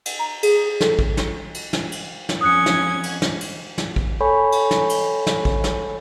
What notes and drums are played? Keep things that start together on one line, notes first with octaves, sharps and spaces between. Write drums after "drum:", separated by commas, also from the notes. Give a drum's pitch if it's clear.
drum: cymbal
A#5
G#4, drum: cymbal
A4, drum: snare
drum: kick A#1
drum: snare
drum: cymbal
drum: snare
drum: cymbal
drum: snare
F2 C#4 D#6 F#6 G#6 C#7
drum: snare
drum: cymbal
drum: snare
drum: cymbal
drum: snare
drum: kick A#1
A4 C#5 G#5 B5 C#6
drum: cymbal
drum: snare
drum: cymbal
drum: snare
drum: kick A#1
drum: snare